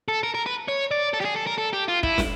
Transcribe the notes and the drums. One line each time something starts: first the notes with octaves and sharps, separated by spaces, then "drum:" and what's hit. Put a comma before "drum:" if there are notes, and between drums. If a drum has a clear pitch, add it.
A4
A#4
A#4
B4
C#5
D5
A4
G4
G#4
A4
A#4
A4
G4
F4
E4, drum: kick
drum: snare